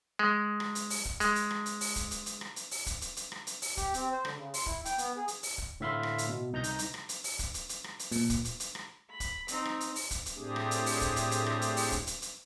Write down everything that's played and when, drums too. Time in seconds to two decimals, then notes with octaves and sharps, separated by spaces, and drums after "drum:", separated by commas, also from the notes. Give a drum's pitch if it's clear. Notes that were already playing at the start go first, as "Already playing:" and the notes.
0.19 G#3
0.60 drum: rim click
0.75 drum: hi-hat
0.90 drum: open hi-hat
1.05 drum: kick
1.20 G#3, drum: hi-hat
1.35 drum: hi-hat
1.51 drum: rim click
1.66 drum: hi-hat
1.81 drum: open hi-hat
1.96 drum: kick, hi-hat
2.11 drum: hi-hat
2.26 drum: hi-hat
2.41 drum: rim click
2.56 drum: hi-hat
2.71 drum: open hi-hat
2.86 drum: kick, hi-hat
3.01 drum: hi-hat
3.17 drum: hi-hat
3.32 drum: rim click
3.47 drum: hi-hat
3.62 drum: open hi-hat
3.77 G4, drum: kick, hi-hat
3.94 C4, drum: hi-hat
4.12 C5
4.25 D3, drum: rim click
4.37 C#3
4.54 C6, drum: open hi-hat
4.66 E4, drum: kick
4.85 G5, drum: hi-hat
4.98 B3, drum: hi-hat
5.17 G#4
5.28 drum: hi-hat
5.43 drum: open hi-hat
5.58 drum: kick
5.80 A2 D3 E5 F5 B5 C6
6.03 drum: rim click
6.18 drum: hi-hat
6.28 B2
6.53 C2 D#4 A#5 G6 A#6
6.64 drum: hi-hat
6.79 drum: hi-hat
6.94 drum: rim click
7.09 drum: hi-hat
7.24 drum: open hi-hat
7.39 drum: kick, hi-hat
7.54 drum: hi-hat
7.69 drum: hi-hat
7.84 drum: rim click
7.99 drum: hi-hat
8.12 A#2, drum: open hi-hat
8.30 drum: kick, hi-hat
8.45 drum: hi-hat
8.60 drum: hi-hat
8.75 drum: rim click
9.10 B5
9.20 drum: kick, hi-hat
9.48 C4 D#4, drum: hi-hat
9.65 drum: rim click
9.80 drum: hi-hat
9.96 drum: open hi-hat
10.11 drum: kick, hi-hat
10.26 drum: hi-hat
10.36 A2 A3 C4 D4 G4 G#4
10.56 drum: rim click
10.71 drum: hi-hat
10.86 drum: open hi-hat
11.01 drum: kick, hi-hat
11.16 drum: hi-hat
11.31 drum: hi-hat
11.46 drum: rim click
11.62 drum: hi-hat
11.77 drum: open hi-hat
11.92 drum: kick, hi-hat
12.07 drum: hi-hat
12.22 drum: hi-hat